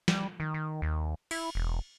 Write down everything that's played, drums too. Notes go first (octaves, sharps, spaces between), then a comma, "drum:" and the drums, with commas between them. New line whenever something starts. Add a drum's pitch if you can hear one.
G3, drum: snare
D#3
D#3
D#2
E4, drum: cymbal
E1